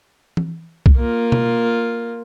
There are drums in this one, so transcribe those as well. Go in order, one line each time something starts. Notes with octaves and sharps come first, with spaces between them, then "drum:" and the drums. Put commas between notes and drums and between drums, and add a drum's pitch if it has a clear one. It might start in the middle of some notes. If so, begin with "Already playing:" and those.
drum: tom E3
drum: kick C2
A#3 F4
drum: tom B2